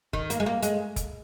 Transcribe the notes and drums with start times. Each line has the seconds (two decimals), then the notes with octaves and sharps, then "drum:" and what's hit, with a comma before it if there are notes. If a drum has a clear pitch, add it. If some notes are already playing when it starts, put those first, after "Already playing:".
0.13 D#3, drum: kick F1
0.30 A#3, drum: hi-hat
0.40 G#3
0.46 A#3
0.62 G#3, drum: hi-hat
0.96 drum: kick F1, hi-hat